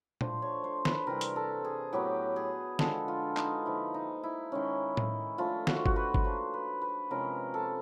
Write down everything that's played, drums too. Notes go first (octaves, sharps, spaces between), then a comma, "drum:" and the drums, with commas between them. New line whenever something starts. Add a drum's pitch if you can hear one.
F3 A3 D4 C5, drum: tom A#2
C#5
C5
B4, drum: snare
C3 E3 G3 C4 A#4
drum: hi-hat
A4
G#4
A2 F#3 B3 G4
G#4
D3 F3 G#3 B3 A4, drum: snare
F4
D#4, drum: clap
D3 F3 A#3 D#4 E4
D#4
E4
D#3 G#3 C#4
drum: tom A2
F3 A3 D4 F4
F#4, drum: snare
F4
F#4, drum: kick G1
B4
drum: kick G1
F3 A#3 D4 C5
B4
B4
C3 F3 G#3 C#4 A#4
A4